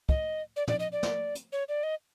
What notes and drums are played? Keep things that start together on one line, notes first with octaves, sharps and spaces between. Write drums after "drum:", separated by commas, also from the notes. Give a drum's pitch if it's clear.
D#5, drum: kick
D5
D5, drum: tom
D#5
D5
drum: snare
drum: hi-hat
C#5
D5
D#5